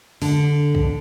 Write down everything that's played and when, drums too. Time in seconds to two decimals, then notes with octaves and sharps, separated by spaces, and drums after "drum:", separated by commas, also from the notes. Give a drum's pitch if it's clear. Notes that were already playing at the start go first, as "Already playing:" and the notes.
0.22 D3, drum: open hi-hat
0.75 drum: kick